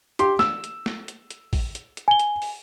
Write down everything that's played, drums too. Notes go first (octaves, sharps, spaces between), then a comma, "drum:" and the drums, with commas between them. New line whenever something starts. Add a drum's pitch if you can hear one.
G4 C6, drum: hi-hat
E6, drum: snare
drum: hi-hat
drum: snare
drum: hi-hat
drum: hi-hat
drum: kick, open hi-hat
drum: hi-hat
drum: hi-hat
G#5 G7
drum: hi-hat
drum: open hi-hat